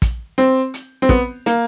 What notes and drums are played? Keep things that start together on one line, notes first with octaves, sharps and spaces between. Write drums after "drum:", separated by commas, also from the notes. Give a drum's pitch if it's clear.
drum: kick, hi-hat
C4
drum: hi-hat
C4
B3, drum: kick
A#3, drum: hi-hat